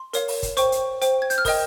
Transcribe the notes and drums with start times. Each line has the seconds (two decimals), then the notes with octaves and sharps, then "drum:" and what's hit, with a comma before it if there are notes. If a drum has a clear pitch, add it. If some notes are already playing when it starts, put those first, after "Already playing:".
Already playing: C6
0.13 A#4 C#5 F5, drum: hi-hat
0.28 drum: open hi-hat
0.43 drum: kick, hi-hat
0.57 C5 G5 C#6, drum: hi-hat
0.72 drum: hi-hat
1.01 C5 G5, drum: hi-hat
1.22 G#6
1.30 G6, drum: hi-hat
1.38 F6
1.45 A#4 D#5 G5 D#6, drum: kick, open hi-hat